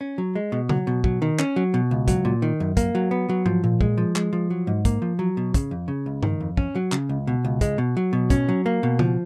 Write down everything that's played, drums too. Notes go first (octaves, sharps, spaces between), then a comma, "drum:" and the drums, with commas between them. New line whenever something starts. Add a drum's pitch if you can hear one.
C#4
F#3
G#3
B2
F#3, drum: tom C#3
B2
F#3, drum: kick
D#3
C#4, drum: clap
F#3
B2
C#2
F#3, drum: kick, hi-hat
A#2
D#3
F#2
A#3, drum: kick, hi-hat
F#3
B3
F#3
F3, drum: tom G#2
A#2
G#3, drum: kick
F3
G#3, drum: clap
F3
F#3
G#2
A#3, drum: kick, hi-hat
F3
F#3
B2
C#3, drum: kick, hi-hat
F2
C#3
C#2
D#3, drum: tom G2
F2
C#4, drum: kick
F#3
C#3, drum: clap
C#2
B2
C#2
G#3, drum: kick, hi-hat
B2
F#3
B2
C#4, drum: kick, hi-hat
F#3
A#3
B2
F3, drum: tom C#3